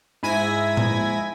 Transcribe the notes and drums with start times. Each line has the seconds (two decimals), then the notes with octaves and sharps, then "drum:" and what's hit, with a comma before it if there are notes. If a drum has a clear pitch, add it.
0.23 G#2 E4 G#5 G#6 A#6 B6
0.77 drum: tom A2